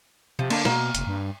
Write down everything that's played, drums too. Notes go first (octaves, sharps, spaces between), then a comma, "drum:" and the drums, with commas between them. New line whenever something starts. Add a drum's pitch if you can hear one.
C3 F3
D3 A#3 A5, drum: cymbal
B2 A#3, drum: snare
F1, drum: hi-hat
G2